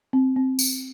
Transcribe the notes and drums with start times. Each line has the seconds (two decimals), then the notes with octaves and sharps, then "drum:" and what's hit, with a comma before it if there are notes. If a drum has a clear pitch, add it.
0.13 C4
0.36 C4
0.59 drum: tambourine